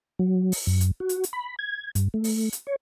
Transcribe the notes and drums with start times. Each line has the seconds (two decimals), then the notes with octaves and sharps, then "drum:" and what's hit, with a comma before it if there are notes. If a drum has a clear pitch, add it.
0.19 F#3
0.52 drum: open hi-hat
0.67 F#2
0.81 drum: hi-hat
1.00 F#4
1.09 drum: hi-hat
1.24 drum: hi-hat
1.33 B5
1.59 G#6
1.95 G2, drum: hi-hat
2.14 A3
2.24 drum: open hi-hat
2.53 drum: hi-hat
2.67 C#5